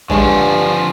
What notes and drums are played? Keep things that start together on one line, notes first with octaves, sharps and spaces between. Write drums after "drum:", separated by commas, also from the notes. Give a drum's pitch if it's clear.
G2 D3 F3 G#3 C#5 G#5 C#6, drum: kick A1